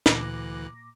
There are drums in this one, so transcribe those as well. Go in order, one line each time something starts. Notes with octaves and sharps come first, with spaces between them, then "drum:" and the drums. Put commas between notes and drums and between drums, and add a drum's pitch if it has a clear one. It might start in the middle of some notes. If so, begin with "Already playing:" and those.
D2 A#2 E3 D6 F#6 A#6, drum: snare